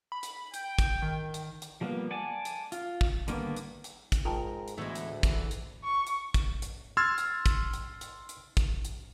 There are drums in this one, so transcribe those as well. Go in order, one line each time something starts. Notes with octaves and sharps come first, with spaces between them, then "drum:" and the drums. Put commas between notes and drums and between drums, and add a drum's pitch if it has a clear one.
B5
drum: hi-hat
G5 G6, drum: hi-hat
drum: kick, hi-hat
D#3
drum: hi-hat
drum: hi-hat
F3 G3 A#3 B3
D5 F#5 G#5 A5
drum: hi-hat
F4, drum: hi-hat
drum: kick
D3 D#3 G3 A#3 B3, drum: hi-hat
drum: hi-hat
drum: hi-hat
drum: kick, hi-hat
G#2 F4 A#4 G5 A5
drum: hi-hat
D2 A2 E3 G#3 A3 B3
drum: hi-hat
E3 A#3, drum: kick, hi-hat
drum: hi-hat
C#6
drum: hi-hat
drum: kick, hi-hat
drum: hi-hat
C6 E6 F6 G#6 A6
drum: hi-hat
drum: kick, hi-hat
drum: hi-hat
drum: hi-hat
drum: hi-hat
drum: kick, hi-hat
drum: hi-hat